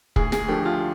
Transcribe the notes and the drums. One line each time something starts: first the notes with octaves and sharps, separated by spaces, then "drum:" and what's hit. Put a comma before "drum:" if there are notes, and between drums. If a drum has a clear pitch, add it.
D2 G#4, drum: kick
G#4, drum: snare
D3 F3 A3 G4
F4